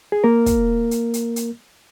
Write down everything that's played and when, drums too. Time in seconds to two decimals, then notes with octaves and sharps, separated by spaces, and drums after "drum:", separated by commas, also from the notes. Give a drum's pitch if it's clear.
0.12 G#4
0.24 A#3 A#4
0.46 drum: kick, hi-hat
0.91 drum: hi-hat
1.14 drum: hi-hat
1.36 drum: hi-hat